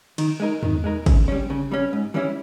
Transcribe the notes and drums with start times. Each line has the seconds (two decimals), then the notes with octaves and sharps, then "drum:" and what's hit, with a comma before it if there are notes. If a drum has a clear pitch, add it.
0.18 D#3, drum: cymbal
0.40 G#3 D#4 A#4
0.63 D#3, drum: tom E2
0.84 G#3 D#4 A#4
1.06 C#3, drum: kick, cymbal
1.28 G3 C#4
1.50 C#3
1.72 G3 C#4
1.93 G#2
2.14 E3 G3 C#4 E4